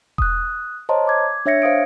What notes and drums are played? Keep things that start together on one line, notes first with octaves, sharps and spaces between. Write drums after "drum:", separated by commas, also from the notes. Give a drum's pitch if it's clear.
D#6 F#6, drum: kick E1
C5 C#5 D#5 A5 A#5 C6
D6 G#6
D4 C#5 E5 G#6 A#6 C#7
C5 F5 D#6 D7